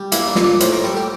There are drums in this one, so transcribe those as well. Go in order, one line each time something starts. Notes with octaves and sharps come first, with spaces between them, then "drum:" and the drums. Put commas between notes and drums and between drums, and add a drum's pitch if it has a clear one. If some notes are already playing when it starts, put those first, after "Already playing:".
Already playing: G3
A#3 E4, drum: hi-hat
D4
A#2, drum: snare
D4
A2 C5, drum: hi-hat
A#4
G3 A4
G4